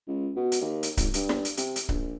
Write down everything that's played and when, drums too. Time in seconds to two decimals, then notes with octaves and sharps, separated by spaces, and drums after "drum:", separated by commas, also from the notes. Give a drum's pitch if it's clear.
0.07 C#2
0.36 B2
0.52 drum: hi-hat
0.61 D#2
0.83 drum: hi-hat
0.97 G#1, drum: kick C#1, hi-hat
1.14 G2, drum: hi-hat
1.29 drum: snare
1.45 drum: hi-hat
1.57 C3, drum: hi-hat
1.76 drum: hi-hat
1.89 A#1, drum: kick C#1